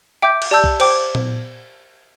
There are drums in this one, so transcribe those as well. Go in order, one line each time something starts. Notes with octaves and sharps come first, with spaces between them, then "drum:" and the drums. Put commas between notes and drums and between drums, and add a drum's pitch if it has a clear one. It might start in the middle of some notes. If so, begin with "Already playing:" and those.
E5 G5 D6 G6
drum: cymbal
G4 D5 A5 E6 G6
drum: kick B1
C5 G5 D6, drum: cymbal
drum: tom A#2